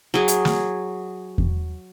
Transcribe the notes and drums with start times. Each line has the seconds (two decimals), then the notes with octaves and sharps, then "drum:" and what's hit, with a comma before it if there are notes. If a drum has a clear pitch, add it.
0.14 F#3 G#4 G#5
0.28 drum: hi-hat
0.45 drum: snare
1.38 drum: kick E2